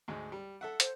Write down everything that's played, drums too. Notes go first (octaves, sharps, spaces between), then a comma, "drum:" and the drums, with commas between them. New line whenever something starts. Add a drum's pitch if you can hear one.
D2 G#2 G#3
G3
A4 E5 F#5
C5, drum: hi-hat